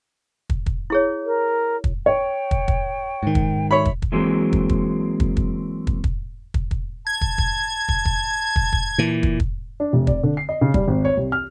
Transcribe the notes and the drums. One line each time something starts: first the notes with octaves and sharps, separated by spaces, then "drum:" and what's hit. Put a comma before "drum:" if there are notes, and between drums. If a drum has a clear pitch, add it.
drum: kick
drum: kick
E4 G#4 C#5
A#4
drum: kick
C#5 G5
drum: kick
drum: kick
G#2 D#3
drum: kick
C#5 E5 B5
drum: kick
drum: kick
E3 F#3 G#3 A#3 C4
drum: kick
drum: kick
drum: kick
drum: kick
drum: kick
drum: kick
drum: kick
drum: kick
A5 G#6
drum: kick
drum: kick
drum: kick
drum: kick
drum: kick
drum: kick
A#2 E3
drum: kick
drum: kick
D4
F1
D5, drum: kick
D3
C7
D#5
C#3
G3, drum: kick
G#1
C#5
C2
F6